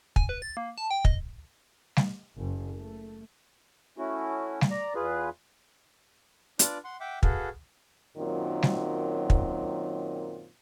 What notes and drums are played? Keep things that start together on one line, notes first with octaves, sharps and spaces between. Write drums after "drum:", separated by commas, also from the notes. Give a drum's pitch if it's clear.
G#5, drum: kick
B4
A6
A#3
A5
G5
D#5, drum: kick
drum: snare G3
F#1
A3
A3 C#4 E4 F#4
drum: snare G3
D5 A#5
E2 F4 G#4 B4
D4 F4 B4 D5 D6, drum: hi-hat
F#5 C6
E5 F#5 G5 D6
F#4 G#4 A4 B4 F5, drum: kick
F#2 A#2 D#3 F#3 C4
drum: snare G3
drum: kick